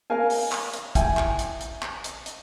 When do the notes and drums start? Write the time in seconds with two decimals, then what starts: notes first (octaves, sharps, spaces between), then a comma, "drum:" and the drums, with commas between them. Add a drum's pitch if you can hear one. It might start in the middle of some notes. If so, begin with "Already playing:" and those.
0.10 A#4 F5 G#5
0.30 drum: open hi-hat
0.52 drum: clap
0.74 drum: hi-hat
0.95 E4 G5 G#5, drum: kick, hi-hat
1.17 drum: clap
1.39 drum: hi-hat
1.61 drum: hi-hat
1.83 drum: clap
2.04 drum: hi-hat
2.26 drum: hi-hat